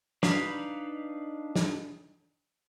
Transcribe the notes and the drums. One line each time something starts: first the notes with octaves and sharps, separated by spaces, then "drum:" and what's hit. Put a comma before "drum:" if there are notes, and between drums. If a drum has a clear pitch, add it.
D4 D#4 B4 F5 B5, drum: snare
drum: snare